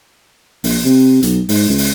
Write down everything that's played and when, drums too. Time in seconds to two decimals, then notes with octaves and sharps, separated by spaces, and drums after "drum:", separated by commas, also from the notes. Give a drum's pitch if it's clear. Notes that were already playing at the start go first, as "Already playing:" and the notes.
0.64 A#1, drum: open hi-hat
0.85 C3
1.23 B1, drum: hi-hat
1.49 G#2, drum: open hi-hat
1.69 C#2
1.78 drum: open hi-hat